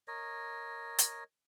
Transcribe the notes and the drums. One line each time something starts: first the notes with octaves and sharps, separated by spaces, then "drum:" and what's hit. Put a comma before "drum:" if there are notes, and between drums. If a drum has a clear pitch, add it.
A#4 C#5 D#5
drum: hi-hat